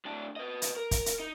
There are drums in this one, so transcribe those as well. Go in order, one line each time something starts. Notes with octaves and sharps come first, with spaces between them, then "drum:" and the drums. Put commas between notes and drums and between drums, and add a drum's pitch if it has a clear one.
A2 D4
B4 D#5
drum: hi-hat
A#4
drum: kick, hi-hat
drum: hi-hat
D#4